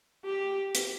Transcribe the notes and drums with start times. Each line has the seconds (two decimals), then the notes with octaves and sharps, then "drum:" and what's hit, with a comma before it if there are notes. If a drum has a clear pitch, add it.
0.25 G4
0.75 drum: hi-hat